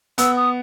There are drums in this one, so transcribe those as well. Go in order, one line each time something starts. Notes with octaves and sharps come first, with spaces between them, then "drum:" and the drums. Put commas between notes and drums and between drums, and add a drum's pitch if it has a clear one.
B3 E6, drum: hi-hat
D#6